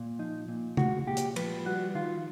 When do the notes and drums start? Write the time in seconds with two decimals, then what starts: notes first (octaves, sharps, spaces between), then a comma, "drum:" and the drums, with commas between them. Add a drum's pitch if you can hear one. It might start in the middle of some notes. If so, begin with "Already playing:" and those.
Already playing: A#2
0.19 F3 D#4
0.48 A#2
0.77 G#3 F#4, drum: tom C#3
1.07 A#2 G4
1.17 drum: hi-hat
1.36 F3 B4, drum: cymbal
1.65 G3 F#4
1.95 D#3 F4